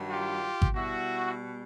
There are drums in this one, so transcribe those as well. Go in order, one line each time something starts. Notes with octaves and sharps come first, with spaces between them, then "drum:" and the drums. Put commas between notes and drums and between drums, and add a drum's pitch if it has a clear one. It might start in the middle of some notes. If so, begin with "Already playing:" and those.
Already playing: G2 D#3 F#3
F4 G4
drum: kick G#1
B2 G3 E4 F#4